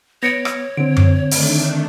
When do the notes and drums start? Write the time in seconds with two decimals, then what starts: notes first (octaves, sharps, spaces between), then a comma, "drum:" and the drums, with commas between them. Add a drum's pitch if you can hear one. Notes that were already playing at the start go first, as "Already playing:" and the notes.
0.23 B3 C#5 A#6 C#7 D7
0.45 drum: rim click
0.77 D3 C4 D7
0.97 drum: tom F#2
1.31 D#3 A3 D4, drum: open hi-hat